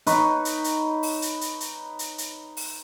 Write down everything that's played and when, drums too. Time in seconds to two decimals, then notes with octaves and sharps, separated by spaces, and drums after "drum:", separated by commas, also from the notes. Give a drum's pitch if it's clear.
0.06 D#4 B4 C#5, drum: hi-hat
0.45 drum: hi-hat
0.64 drum: hi-hat
1.03 drum: open hi-hat
1.22 drum: hi-hat
1.41 drum: hi-hat
1.60 drum: hi-hat
1.99 drum: hi-hat
2.18 drum: hi-hat
2.57 drum: open hi-hat